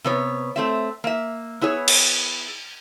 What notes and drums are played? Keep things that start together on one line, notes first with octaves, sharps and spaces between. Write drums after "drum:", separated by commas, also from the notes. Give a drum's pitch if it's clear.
C3 B3 C#5
A3 C4 E5
A#3 E5
B3 E4 G#4 C#5
drum: cymbal